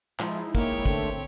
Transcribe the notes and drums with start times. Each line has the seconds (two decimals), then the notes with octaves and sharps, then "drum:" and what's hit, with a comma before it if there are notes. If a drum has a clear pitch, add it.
0.20 F3 G#3 D#4 E4, drum: clap
0.55 A#3 G4 C#5, drum: kick
0.86 D3 A3 C4, drum: kick